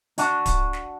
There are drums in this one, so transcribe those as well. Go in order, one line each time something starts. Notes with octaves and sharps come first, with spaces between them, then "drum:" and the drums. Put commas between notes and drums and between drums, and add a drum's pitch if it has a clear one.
D4 F#4, drum: hi-hat
drum: kick D1, hi-hat
drum: snare